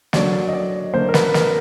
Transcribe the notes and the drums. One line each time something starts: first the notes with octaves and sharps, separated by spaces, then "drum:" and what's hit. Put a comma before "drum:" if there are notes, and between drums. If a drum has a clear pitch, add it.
D3 F#3 A#3 D5, drum: snare
D#5
D5
D3 F#3 A#3 C5
A#4
B4, drum: snare
A#4, drum: snare